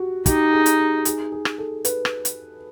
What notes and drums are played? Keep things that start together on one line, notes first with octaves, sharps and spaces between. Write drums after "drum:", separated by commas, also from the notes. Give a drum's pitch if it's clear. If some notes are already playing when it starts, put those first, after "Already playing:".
Already playing: F#4 G4
D#4 G4, drum: kick, hi-hat
G#4
drum: hi-hat
G#4
G#4, drum: hi-hat
G#4
drum: rim click
A4
B4, drum: hi-hat
drum: rim click
drum: hi-hat